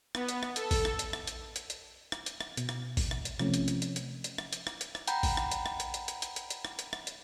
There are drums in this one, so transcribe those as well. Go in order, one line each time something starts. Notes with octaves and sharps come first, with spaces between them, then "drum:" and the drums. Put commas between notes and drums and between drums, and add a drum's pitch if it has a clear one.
B3, drum: rim click
drum: hi-hat
drum: rim click
A4, drum: hi-hat
drum: kick A1, open hi-hat
drum: rim click
drum: hi-hat
drum: rim click
drum: hi-hat
drum: hi-hat
drum: hi-hat
drum: rim click
drum: hi-hat
drum: rim click
B2, drum: hi-hat
drum: rim click
drum: kick A1, open hi-hat
drum: rim click
drum: hi-hat
C3 F3 A3 C#4, drum: rim click
drum: hi-hat
drum: hi-hat
drum: hi-hat
drum: hi-hat
drum: hi-hat
drum: rim click
drum: hi-hat
drum: rim click
drum: hi-hat
drum: rim click
F#5 G5 A#5 B5 G6, drum: hi-hat
drum: kick A1, open hi-hat
drum: rim click
drum: hi-hat
drum: rim click
drum: hi-hat
drum: hi-hat
drum: hi-hat
drum: hi-hat
drum: hi-hat
drum: hi-hat
drum: rim click
drum: hi-hat
drum: rim click
drum: hi-hat